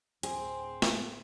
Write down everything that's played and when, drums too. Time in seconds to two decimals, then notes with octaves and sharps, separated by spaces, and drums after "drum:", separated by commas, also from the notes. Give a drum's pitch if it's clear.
0.23 D2 A2 C4 G#4, drum: hi-hat
0.82 drum: snare